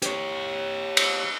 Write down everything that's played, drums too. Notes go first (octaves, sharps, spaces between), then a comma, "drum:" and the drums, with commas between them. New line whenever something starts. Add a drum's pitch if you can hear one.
G4 C#5, drum: hi-hat
drum: cymbal